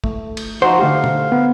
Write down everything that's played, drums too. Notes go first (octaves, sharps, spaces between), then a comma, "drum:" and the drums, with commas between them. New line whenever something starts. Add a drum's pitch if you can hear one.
A3, drum: kick
drum: cymbal
F3 D#4 F#4 C5 F#5
D3 A3 G4 F5
drum: tom
B3